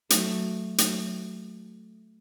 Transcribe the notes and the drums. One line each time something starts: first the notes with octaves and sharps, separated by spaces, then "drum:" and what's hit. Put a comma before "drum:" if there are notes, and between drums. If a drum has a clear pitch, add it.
F#3 A3, drum: hi-hat
F#3 A3, drum: hi-hat